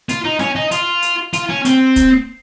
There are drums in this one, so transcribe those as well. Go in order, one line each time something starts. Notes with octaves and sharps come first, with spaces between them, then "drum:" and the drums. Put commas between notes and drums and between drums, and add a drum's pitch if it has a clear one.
F4, drum: hi-hat
D#4
C#4, drum: snare
D#4
F4, drum: hi-hat
drum: hi-hat
F4, drum: hi-hat
C#4
C4, drum: hi-hat
drum: kick, hi-hat